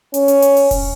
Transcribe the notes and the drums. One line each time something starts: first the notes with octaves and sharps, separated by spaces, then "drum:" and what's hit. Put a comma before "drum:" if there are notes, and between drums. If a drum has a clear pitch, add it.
C#4, drum: hi-hat
drum: hi-hat
drum: hi-hat
drum: open hi-hat
drum: kick E1, open hi-hat